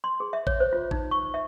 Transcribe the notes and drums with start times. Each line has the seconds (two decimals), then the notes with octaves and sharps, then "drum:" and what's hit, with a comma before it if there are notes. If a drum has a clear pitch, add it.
0.04 C6
0.20 G#4
0.33 E5
0.47 C#5, drum: kick A1
0.60 C5
0.73 F4
0.91 D#4, drum: kick A1
1.11 C#6
1.34 E5